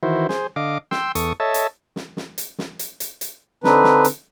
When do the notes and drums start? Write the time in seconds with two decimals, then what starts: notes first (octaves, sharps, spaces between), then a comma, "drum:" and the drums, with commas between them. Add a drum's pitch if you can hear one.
0.03 D#3 E3 E4 F#4 C5
0.29 G#4 C5, drum: snare
0.56 D3 D#5 F5 D6
0.91 G5 C6 E6, drum: snare
1.15 E2 A4 C#6 D#6, drum: hi-hat
1.40 A4 C#5 D#5 E5 A5
1.54 drum: hi-hat
1.96 drum: snare
2.17 drum: snare
2.38 drum: hi-hat
2.58 drum: snare
2.79 drum: hi-hat
3.00 drum: hi-hat
3.21 drum: hi-hat
3.64 D3 C4 D4 D#4 B4, drum: snare
3.84 drum: snare
4.04 drum: hi-hat